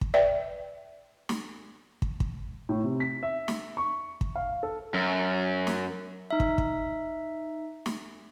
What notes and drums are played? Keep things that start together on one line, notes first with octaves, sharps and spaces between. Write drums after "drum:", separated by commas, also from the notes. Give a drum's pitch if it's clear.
drum: kick
B4 D5 E5 G5
drum: snare
drum: kick
drum: kick
A2
C3
B6
E5
drum: snare
C#6
drum: kick
F5
A4
F#2
drum: snare
D#4 E5
drum: kick
drum: kick
drum: snare